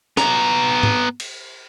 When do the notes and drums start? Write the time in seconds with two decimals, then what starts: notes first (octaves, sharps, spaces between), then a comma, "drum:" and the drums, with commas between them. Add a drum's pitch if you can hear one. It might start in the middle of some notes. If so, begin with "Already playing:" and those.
0.17 B3 A#5, drum: snare
0.83 drum: tom G#2
1.20 drum: cymbal